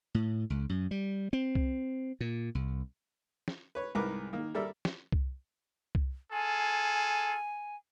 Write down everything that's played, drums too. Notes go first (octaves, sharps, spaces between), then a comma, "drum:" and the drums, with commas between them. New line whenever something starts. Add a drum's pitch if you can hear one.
A2
C#2
F#2
G3
C4
drum: kick C2
A#2
C2
drum: snare
B4 C#5
C2 G#2 A#4 B4 D6
D#3 A#3
G3 A4 A#4 D5 E5
drum: snare
drum: kick C2
drum: kick C2
F4 G#4 A4 G#5